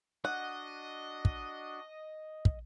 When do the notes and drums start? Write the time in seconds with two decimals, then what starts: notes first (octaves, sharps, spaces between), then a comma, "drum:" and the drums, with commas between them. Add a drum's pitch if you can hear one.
0.25 D4 F#4 D#5 F#5
1.25 drum: kick
2.45 drum: kick